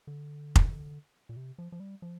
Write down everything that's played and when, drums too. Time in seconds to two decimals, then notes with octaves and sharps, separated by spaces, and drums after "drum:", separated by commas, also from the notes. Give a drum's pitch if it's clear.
0.07 D3
0.56 drum: kick F1
1.29 A#2
1.36 C3
1.58 F3
1.72 F3
1.80 G3
2.02 F3